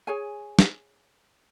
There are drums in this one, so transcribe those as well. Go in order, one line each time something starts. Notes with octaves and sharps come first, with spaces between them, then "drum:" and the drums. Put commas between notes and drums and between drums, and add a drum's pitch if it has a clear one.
G#4 C#5 G#5
drum: snare